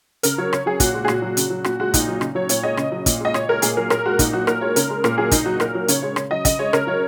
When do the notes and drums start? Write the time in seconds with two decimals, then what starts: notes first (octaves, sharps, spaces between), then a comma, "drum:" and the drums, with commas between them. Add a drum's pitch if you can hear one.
0.23 C#3 A#4, drum: hi-hat
0.38 F#3 C#5
0.53 C#3 C#5, drum: rim click
0.66 F#3 G#4
0.80 A#2 F#4, drum: kick, hi-hat
0.94 G#3
1.05 G#4
1.08 A#2 F#4, drum: rim click
1.22 F#3
1.37 C#3, drum: hi-hat
1.50 F#3
1.64 A#2 F#4, drum: rim click
1.80 G#3 F#4
1.94 A#2 D#4, drum: kick, hi-hat
2.08 F#3
2.21 C#3, drum: rim click
2.35 F#3 C#5
2.49 A#2 C#5, drum: hi-hat
2.63 G#3 D#5
2.77 C#3, drum: rim click
2.92 F#3
3.06 A#2, drum: kick, hi-hat
3.20 G#3 D#5
3.34 A#2 C#5, drum: rim click
3.49 G#3 A#4
3.62 A#2 G#4, drum: hi-hat
3.77 F#3 A#4
3.90 A#2 A#4, drum: rim click
4.05 G#3 F#4
4.19 A#2 D#4, drum: kick, hi-hat
4.33 F#3 F#4
4.47 A#2 A#4, drum: rim click
4.61 G#3 C#5
4.76 C#3 A#4, drum: hi-hat
4.90 G#3
5.04 A#2 A#4, drum: rim click
5.18 F#3 G#4
5.31 A#2 D#4, drum: kick, hi-hat
5.46 F#3 F#4
5.60 A#2 A#4, drum: rim click
5.75 F#3
5.88 C#3 C#5, drum: hi-hat
6.02 G#3 C#5
6.16 C#3, drum: rim click
6.31 F#3 D#5
6.45 C#3 D#5, drum: kick, hi-hat
6.59 G#3 C#5
6.73 C#3 A#4, drum: rim click
6.87 F#3 C#5